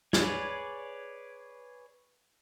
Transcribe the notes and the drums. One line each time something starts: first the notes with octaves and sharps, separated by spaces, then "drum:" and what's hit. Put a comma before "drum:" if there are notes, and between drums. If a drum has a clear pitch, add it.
G#4 B4 C#5 D5 G#5, drum: snare